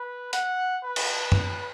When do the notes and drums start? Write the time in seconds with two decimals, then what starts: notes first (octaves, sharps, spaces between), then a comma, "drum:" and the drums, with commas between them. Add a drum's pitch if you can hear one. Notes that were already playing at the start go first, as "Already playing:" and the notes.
Already playing: B4
0.33 F#5, drum: hi-hat
0.84 B4
0.96 drum: cymbal
1.32 drum: tom